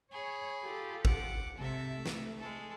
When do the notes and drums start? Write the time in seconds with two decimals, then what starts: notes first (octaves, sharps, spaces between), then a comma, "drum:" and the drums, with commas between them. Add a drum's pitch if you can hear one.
0.11 G#4 C#5 B5
0.62 F4 G4 A4
1.05 F#5 D6, drum: kick G#1
1.57 G#2 C3 A4 E5
1.95 A3
2.06 drum: snare
2.39 G#3 A4